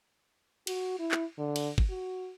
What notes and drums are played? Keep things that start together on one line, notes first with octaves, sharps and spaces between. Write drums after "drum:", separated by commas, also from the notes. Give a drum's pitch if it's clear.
F#4, drum: cymbal
E4
drum: clap
D3
drum: cymbal
drum: kick
F#4